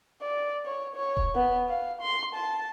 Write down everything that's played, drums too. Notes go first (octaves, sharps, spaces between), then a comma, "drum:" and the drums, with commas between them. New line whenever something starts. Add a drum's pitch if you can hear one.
D5
C#5
C#5
drum: kick D#1
B3
F5
C6
A5